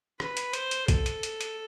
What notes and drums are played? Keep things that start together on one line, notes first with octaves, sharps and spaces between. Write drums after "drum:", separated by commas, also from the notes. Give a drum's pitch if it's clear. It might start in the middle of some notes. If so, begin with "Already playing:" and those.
B4, drum: rim click
drum: hi-hat
C5, drum: hi-hat
drum: hi-hat
A4, drum: kick, hi-hat
drum: hi-hat
drum: hi-hat
drum: hi-hat